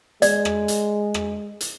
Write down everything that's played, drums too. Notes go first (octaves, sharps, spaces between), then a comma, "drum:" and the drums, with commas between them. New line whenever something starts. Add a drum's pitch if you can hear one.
G#3 D5, drum: hi-hat
drum: rim click
drum: hi-hat
drum: rim click
drum: hi-hat